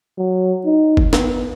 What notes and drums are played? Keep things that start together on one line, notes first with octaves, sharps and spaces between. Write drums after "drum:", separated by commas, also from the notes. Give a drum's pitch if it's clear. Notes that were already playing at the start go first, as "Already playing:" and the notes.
F#3
D#4
drum: kick F#1
B3, drum: snare